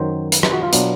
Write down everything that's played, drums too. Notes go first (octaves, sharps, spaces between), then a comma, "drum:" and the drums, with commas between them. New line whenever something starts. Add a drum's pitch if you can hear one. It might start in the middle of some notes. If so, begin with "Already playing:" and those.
Already playing: F#2 D#3 F#3 C5
B4, drum: hi-hat
B4, drum: rim click
F#4
F4
B2 F#3 B3 D4, drum: hi-hat